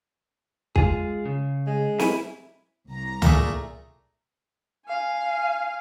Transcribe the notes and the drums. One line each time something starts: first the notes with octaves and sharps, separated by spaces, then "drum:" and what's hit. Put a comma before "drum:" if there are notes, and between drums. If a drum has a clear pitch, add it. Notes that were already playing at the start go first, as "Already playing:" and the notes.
G#3 F4 G#4, drum: kick
C#3
G#3
E4 G#5, drum: snare
C2 A#5
A#2 A3 G#4, drum: tom C#2
F5 G#5